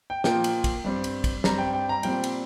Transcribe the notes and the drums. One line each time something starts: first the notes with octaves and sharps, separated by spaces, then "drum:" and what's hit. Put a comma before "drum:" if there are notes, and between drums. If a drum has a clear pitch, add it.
G5
A#2 F3 A#3 G5, drum: snare
drum: cymbal
drum: kick, cymbal
G2 G3 C4
drum: cymbal
drum: kick, cymbal
G2 G3 C4 A#5, drum: snare
G5
G5
A#5
A#2 G3 C4 G5, drum: cymbal
drum: cymbal